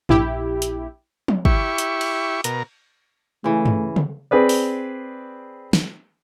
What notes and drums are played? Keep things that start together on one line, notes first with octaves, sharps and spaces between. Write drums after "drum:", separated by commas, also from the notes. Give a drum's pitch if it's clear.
A#1 E4 G4, drum: tom G2
drum: hi-hat
drum: tom F3
E4 G4 C#6, drum: kick
drum: hi-hat
drum: cymbal
B2 A#4, drum: hi-hat
C#3 E3 A3
drum: tom G2
drum: tom C#3
C4 G#4 B4 D5
drum: open hi-hat
drum: snare